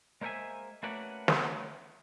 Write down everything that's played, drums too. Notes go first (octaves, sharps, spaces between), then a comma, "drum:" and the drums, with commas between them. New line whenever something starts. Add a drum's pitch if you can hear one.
G#3 A#3 C5 C#5 E5 G#5
A3 A#3 C#4 F#4 B4 D5
drum: snare